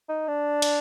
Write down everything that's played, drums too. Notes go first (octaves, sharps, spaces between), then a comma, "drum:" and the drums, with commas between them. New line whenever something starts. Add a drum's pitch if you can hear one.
D#4
D4
drum: cymbal